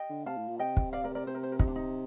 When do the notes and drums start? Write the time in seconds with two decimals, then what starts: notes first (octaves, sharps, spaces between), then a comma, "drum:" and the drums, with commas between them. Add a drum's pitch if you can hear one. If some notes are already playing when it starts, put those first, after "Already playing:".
Already playing: D#5 G5
0.09 D3
0.26 C3 F5 A5
0.37 A2
0.48 A#2
0.59 C3 D#5 G5
0.77 drum: kick
0.93 D5 F5
1.04 A#4 D5
1.15 A#4 D5
1.27 C3 C5
1.35 A#4
1.43 C5
1.52 A#4
1.59 D#4, drum: kick
1.67 D4
1.76 D#4